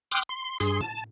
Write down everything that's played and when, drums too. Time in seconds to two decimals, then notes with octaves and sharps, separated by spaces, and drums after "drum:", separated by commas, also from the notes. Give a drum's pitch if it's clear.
0.11 G5 C6 D6 D#6 F6 F#6
0.29 C6
0.60 G2 G#4 C6, drum: hi-hat
0.81 A5, drum: tom A2